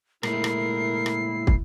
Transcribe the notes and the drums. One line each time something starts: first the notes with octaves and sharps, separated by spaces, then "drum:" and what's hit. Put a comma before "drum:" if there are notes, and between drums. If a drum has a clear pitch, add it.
A#2 G#3 A3 E4 A#4 C7, drum: rim click
drum: rim click
drum: rim click
drum: kick